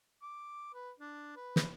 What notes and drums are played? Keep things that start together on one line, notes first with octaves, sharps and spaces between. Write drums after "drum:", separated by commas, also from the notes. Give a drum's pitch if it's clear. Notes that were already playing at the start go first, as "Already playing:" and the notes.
D6
B4
D4
B4
drum: snare